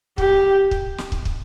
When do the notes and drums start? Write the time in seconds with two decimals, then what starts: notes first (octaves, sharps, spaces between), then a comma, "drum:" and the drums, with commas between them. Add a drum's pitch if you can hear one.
0.18 G4, drum: kick
0.71 drum: kick
0.98 drum: snare
1.12 drum: kick
1.25 drum: kick